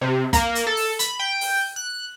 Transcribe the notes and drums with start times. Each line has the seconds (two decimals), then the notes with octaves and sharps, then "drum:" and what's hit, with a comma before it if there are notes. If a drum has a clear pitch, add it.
0.01 C3
0.33 A#3, drum: kick, hi-hat
0.55 drum: hi-hat
0.67 A4
0.77 drum: open hi-hat
0.99 B5, drum: hi-hat
1.20 G5
1.41 drum: open hi-hat
1.76 F#6